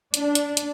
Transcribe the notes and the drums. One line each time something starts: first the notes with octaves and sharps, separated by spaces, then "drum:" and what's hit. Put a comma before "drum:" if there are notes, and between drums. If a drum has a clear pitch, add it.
D4, drum: hi-hat
drum: hi-hat
drum: hi-hat